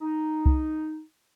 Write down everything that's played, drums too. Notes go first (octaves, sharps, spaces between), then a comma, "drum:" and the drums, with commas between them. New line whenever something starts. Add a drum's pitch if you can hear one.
D#4
drum: kick C2